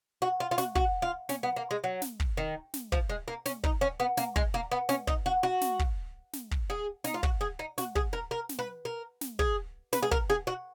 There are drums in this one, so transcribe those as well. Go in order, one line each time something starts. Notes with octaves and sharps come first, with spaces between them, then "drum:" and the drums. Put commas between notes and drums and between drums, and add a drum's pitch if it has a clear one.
F#4
F4
F4
F#4, drum: snare
F#4, drum: kick
F4
C#4, drum: snare
B3
A#3
G#3
F#3
drum: snare
drum: kick
D#3
drum: snare
F3, drum: kick
G#3
A#3
C#4, drum: snare
D#4, drum: kick
C#4
B3
A#3, drum: snare
G#3, drum: kick
A#3
B3
C#4, drum: snare
D#4, drum: kick
F#4
F#4
drum: snare
drum: kick
drum: snare
drum: kick
G#4
D#4, drum: snare
F4
F#4, drum: kick
G#4
D#4
F#4, drum: snare
G#4, drum: kick
A#4
A#4
drum: snare
B4
A#4
drum: snare
G#4, drum: kick
B4, drum: snare
G#4
A#4, drum: kick
G#4
F#4